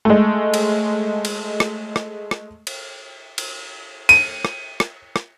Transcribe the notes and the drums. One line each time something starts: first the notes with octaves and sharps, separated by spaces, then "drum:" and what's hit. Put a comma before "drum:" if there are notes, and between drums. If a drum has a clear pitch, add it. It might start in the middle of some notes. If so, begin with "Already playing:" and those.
G#3 A3
drum: cymbal
drum: cymbal
drum: rim click
drum: rim click
drum: rim click
drum: cymbal
drum: cymbal
D#7, drum: cymbal
drum: rim click
drum: rim click
drum: rim click